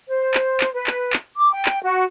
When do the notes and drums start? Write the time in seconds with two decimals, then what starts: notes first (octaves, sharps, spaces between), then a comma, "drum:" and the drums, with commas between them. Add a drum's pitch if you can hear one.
0.08 C5
0.34 drum: clap
0.60 drum: clap
0.73 B4
0.87 drum: clap
1.13 drum: clap
1.36 D6
1.52 G5
1.65 drum: clap
1.83 F#4